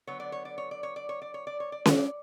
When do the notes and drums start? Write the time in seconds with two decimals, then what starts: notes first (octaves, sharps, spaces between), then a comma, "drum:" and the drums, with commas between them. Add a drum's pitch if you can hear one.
0.07 D3 F#3 B3 C#5
0.20 D5
0.32 C#5
0.45 D5
0.58 C#5
0.71 D5
0.83 C#5
0.96 D5
1.09 C#5
1.22 D5
1.34 C#5
1.47 D5
1.60 C#5
1.72 D5
1.86 C#5, drum: snare C#4
1.98 D5